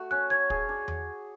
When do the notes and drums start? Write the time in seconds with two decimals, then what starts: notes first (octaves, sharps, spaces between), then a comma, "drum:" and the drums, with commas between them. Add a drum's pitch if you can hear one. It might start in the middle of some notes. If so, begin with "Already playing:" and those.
Already playing: A3 F#4
0.11 C#4 F#6
0.30 C#5 G#6
0.50 G#4, drum: kick
0.69 D4
0.88 drum: tom E2